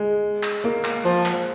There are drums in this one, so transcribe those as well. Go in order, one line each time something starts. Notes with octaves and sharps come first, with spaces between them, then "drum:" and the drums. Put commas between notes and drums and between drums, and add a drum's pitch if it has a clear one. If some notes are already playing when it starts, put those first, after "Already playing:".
Already playing: G#3
drum: clap
A#3
drum: clap
F3
drum: clap